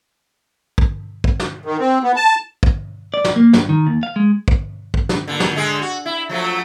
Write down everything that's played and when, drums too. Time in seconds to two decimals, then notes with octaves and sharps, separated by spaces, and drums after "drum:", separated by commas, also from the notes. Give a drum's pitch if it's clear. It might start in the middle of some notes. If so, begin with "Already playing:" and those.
0.78 drum: kick
1.24 drum: kick
1.40 drum: snare
1.65 D#3
1.80 C4
2.03 B3
2.16 A5
2.63 drum: kick
3.14 D5
3.24 drum: snare
3.36 A#3
3.53 G2, drum: snare
3.69 D#3
3.87 D#2
4.03 F5
4.16 G#3
4.48 drum: kick
4.94 drum: kick
5.09 drum: snare
5.28 A#2 D3
5.40 drum: snare
5.56 D3 G#3 G#4
5.81 F#4
6.06 E4
6.29 F3 F#3 A3